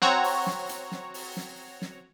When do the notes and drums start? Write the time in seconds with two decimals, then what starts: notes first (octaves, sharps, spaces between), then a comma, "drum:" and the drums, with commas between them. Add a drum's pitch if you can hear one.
0.02 C4 F#4 C#5 A#5, drum: snare
0.24 drum: open hi-hat
0.47 drum: snare
0.69 drum: hi-hat
0.92 drum: snare
1.14 drum: open hi-hat
1.37 drum: snare
1.82 drum: snare